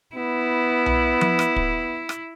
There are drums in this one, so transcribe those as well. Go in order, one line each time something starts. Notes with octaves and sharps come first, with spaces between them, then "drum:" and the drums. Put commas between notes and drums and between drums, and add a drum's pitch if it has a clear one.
B3 E4
drum: tom B1
drum: tom F3
drum: rim click
drum: kick
drum: rim click